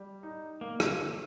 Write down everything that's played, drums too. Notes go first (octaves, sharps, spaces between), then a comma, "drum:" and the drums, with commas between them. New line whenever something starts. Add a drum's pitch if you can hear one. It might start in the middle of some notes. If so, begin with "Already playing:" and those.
Already playing: G3
D#4
A#3
drum: rim click